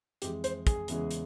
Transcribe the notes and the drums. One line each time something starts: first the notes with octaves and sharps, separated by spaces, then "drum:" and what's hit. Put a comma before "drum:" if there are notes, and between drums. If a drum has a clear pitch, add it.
F2 E3 G#3 G4, drum: hi-hat
C5, drum: hi-hat
G#4, drum: kick, hi-hat
E2 C#3 E3 G#3, drum: hi-hat
drum: hi-hat